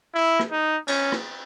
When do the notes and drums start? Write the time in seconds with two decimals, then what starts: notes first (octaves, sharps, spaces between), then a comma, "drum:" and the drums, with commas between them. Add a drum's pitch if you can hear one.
0.15 E4
0.40 drum: rim click
0.52 D#4
0.87 C#4, drum: cymbal
1.12 drum: rim click